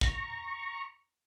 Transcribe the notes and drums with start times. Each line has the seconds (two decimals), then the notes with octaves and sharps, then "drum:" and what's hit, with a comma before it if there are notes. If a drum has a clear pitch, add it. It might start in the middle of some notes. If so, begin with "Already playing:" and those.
0.01 A#5 C#6, drum: kick